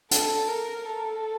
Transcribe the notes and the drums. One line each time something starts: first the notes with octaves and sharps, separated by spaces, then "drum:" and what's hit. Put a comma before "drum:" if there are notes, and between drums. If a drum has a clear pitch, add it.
A4, drum: hi-hat
A#4
A4